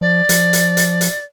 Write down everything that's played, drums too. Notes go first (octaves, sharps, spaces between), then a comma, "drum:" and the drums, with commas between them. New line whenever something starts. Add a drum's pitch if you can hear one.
F3 D5
F3, drum: hi-hat
drum: hi-hat
drum: hi-hat
drum: hi-hat